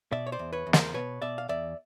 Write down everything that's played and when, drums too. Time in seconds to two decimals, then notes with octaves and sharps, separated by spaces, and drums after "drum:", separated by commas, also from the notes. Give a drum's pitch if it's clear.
0.12 B2 D5 E5
0.27 C#5
0.32 C5 D5
0.39 E2
0.53 B4 C#5
0.67 E2
0.73 A#4 C5, drum: snare
0.94 B2 B4 C#5
1.22 B2 D5 E5
1.38 F5
1.49 E2 D5 E5